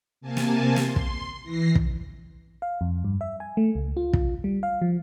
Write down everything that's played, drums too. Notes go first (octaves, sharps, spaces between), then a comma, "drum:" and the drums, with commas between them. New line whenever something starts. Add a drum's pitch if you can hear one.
C3 A#3 G#5 A5
drum: snare
C6, drum: snare
drum: kick
E3 A#6 C7
drum: kick
F5
F2
G2
E5
G#5
A3
C#2
F4
drum: kick
G3
F5
F3